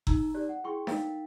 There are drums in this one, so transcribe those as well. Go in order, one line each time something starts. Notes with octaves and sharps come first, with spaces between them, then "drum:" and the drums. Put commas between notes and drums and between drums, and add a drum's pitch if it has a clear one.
D#4 A#5 E6, drum: kick F#1
D#4 G4 D5 F#6
F#5
E4 G#4 G5 C6 C#6
D#4 A#4 F5 G5 A6 B6, drum: snare D4